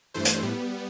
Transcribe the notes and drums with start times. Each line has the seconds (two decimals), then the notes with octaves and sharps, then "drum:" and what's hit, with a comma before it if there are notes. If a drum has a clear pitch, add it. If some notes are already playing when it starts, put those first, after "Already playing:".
0.14 G2 E3 A3 C5
0.25 drum: hi-hat
0.43 A2 G3 B3